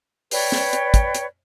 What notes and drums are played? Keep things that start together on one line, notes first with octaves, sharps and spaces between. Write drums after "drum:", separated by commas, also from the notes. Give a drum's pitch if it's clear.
B4 C#5 D5 G5, drum: open hi-hat
drum: snare
drum: hi-hat
drum: kick, hi-hat
drum: hi-hat